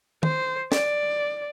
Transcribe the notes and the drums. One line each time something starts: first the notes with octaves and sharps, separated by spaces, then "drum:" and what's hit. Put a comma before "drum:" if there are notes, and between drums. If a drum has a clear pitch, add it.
C5, drum: tom D#3
D5, drum: snare